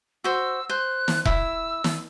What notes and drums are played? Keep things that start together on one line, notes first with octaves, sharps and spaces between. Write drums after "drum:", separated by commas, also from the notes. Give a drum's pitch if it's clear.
F#4 C5 E6
C5 F#6
drum: snare
E4 E6, drum: kick E1
drum: snare